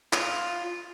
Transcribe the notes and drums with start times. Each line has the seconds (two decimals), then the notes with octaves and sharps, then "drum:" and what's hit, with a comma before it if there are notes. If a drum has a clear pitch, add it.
0.13 F4, drum: clap